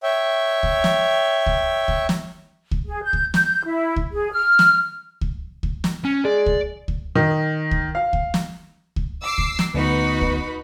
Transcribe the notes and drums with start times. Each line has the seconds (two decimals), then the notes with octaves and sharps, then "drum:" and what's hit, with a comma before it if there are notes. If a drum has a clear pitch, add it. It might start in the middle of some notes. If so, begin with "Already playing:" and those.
0.03 C#5 E5 G5
0.63 drum: kick C#2
0.84 drum: snare
1.46 drum: kick C#2
1.88 drum: kick C#2
2.09 drum: snare
2.71 drum: kick C#2
2.87 G#4
3.03 G6
3.13 drum: kick C#2
3.34 G6, drum: snare
3.65 E4
3.96 drum: kick C#2
4.12 G#4
4.32 F6
4.59 drum: snare
5.21 drum: kick C#2
5.63 drum: kick C#2
5.84 drum: snare
6.05 C#4
6.25 G#3 D5
6.46 drum: kick C#2
6.88 drum: kick C#2
7.16 D#3
7.71 drum: kick C#2
7.95 F5
8.13 drum: kick C#2
8.34 drum: snare
8.96 drum: kick C#2
9.23 D6 E6 C7
9.38 drum: kick C#2
9.59 drum: snare
9.75 D2 B3 D#4 F#4 B4 B5
10.21 drum: kick C#2